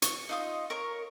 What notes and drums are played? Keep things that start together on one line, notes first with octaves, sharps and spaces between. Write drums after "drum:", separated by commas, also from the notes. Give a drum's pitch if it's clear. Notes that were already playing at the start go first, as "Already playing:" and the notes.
C#6, drum: hi-hat
D#4 F4 D#5
A#4 C#5 C#6